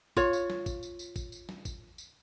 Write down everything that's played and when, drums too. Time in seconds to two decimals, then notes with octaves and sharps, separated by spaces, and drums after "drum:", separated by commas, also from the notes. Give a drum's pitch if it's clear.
0.17 F4 C#5, drum: kick, tambourine
0.33 drum: tambourine
0.50 drum: snare
0.66 drum: kick, tambourine
0.83 drum: tambourine
0.99 drum: tambourine
1.16 drum: kick, tambourine
1.32 drum: tambourine
1.49 drum: snare
1.65 drum: kick, tambourine
1.98 drum: tambourine